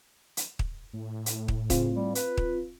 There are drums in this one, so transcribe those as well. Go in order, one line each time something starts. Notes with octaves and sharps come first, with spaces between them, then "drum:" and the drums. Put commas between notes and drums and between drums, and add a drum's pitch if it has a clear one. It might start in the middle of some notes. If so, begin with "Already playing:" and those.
drum: hi-hat
drum: kick
A2
drum: hi-hat
drum: kick
C#3 C4 F4, drum: kick, hi-hat
G3
B4, drum: hi-hat
drum: kick